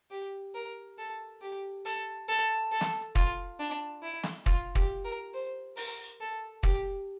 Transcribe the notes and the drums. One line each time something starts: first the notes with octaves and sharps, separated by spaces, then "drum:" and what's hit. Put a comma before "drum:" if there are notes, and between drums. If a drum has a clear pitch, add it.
G4
A#4
A4
G4
A4, drum: hi-hat
A4
A4
drum: snare
F4, drum: kick
D4
E4
drum: snare
F4, drum: kick
G4, drum: kick
A#4
C5
A#4, drum: open hi-hat
A4
G4, drum: kick